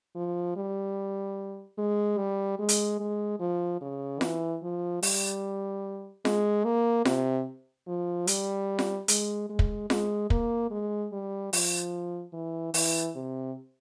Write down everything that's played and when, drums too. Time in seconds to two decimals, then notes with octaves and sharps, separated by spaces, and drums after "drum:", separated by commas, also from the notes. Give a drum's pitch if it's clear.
0.15 F3
0.56 G3
1.78 G#3
2.18 G3
2.59 G#3
2.69 drum: hi-hat
3.00 G#3
3.40 F3
3.81 C#3
4.21 E3, drum: snare F4
4.62 F3
5.03 G3, drum: open hi-hat
6.25 G#3, drum: snare F4
6.64 A#3
7.05 C3, drum: snare F4
7.87 F3
8.27 G3, drum: hi-hat
8.79 drum: snare F4
9.08 G#3, drum: hi-hat
9.50 G#3
9.59 drum: kick
9.90 G#3, drum: snare F4
10.30 A#3, drum: kick
10.71 G#3
11.12 G3
11.53 F3, drum: open hi-hat
12.33 E3
12.74 E3, drum: open hi-hat
13.15 C3